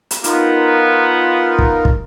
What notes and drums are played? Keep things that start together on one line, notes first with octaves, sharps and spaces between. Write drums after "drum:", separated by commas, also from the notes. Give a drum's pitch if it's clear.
drum: hi-hat
B3 D#4 F4 A#4, drum: hi-hat
drum: kick
drum: kick